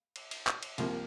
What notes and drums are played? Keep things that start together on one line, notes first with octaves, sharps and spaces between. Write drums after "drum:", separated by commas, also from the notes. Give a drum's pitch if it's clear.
drum: cymbal
drum: cymbal
drum: clap
drum: cymbal
C2 C3 F3 A#3, drum: cymbal